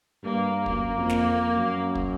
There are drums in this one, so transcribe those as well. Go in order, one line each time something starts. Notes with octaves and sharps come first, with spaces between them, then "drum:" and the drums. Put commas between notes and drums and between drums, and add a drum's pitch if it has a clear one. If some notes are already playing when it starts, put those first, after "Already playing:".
G2 A#3
F#2 A#3, drum: kick
F2
drum: snare
F2
F#2
drum: kick